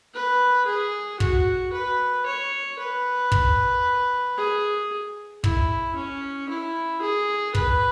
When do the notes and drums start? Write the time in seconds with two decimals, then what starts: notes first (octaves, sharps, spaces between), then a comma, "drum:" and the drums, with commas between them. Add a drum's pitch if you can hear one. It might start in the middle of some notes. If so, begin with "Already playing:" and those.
0.14 B4
0.66 G#4
1.20 F#4, drum: kick
1.73 B4
2.26 C#5
2.79 B4
3.32 drum: kick
4.38 G#4
5.44 E4, drum: kick
5.96 C#4
6.49 E4
7.02 G#4
7.55 B4, drum: kick